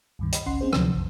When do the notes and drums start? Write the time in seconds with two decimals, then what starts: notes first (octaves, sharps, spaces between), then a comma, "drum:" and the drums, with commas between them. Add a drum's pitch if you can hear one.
0.19 C#2 G2 D#3
0.33 D#5 B5, drum: hi-hat
0.46 G#1 C#2 C#4 F#5 C6 C7
0.61 C4 C#4 G#4 C5
0.73 D2 C3 F3 F#3, drum: rim click
0.95 A#1 F2